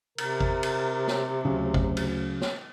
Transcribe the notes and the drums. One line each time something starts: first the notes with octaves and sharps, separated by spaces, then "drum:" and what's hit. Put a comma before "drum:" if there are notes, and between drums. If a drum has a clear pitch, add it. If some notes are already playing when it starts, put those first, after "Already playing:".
C3 A#4, drum: cymbal
drum: kick G#1
drum: cymbal
drum: snare
D2 C#3 F#3
drum: kick G#1
drum: cymbal
drum: snare